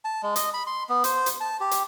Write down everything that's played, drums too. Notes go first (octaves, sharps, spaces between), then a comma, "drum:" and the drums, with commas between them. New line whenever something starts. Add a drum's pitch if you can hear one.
A5
G#3
D#5, drum: hi-hat
B5
C6
B3
C5, drum: hi-hat
drum: hi-hat
A5
G4
drum: hi-hat